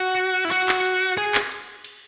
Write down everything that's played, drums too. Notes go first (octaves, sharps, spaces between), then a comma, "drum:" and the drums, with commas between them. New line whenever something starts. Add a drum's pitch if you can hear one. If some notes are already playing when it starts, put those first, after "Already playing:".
Already playing: F#4
E4
F#4, drum: cymbal
drum: clap
drum: cymbal
G#4
drum: clap
drum: cymbal
drum: cymbal